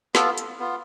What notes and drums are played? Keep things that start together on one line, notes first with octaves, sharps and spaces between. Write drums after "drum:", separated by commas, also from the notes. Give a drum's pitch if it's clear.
B3 F4 A4, drum: snare
drum: hi-hat
B3 F4